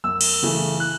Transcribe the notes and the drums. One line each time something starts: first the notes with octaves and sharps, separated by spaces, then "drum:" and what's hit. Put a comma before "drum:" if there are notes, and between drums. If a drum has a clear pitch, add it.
F#2 E6
drum: cymbal
C#3 E3 A3
F#6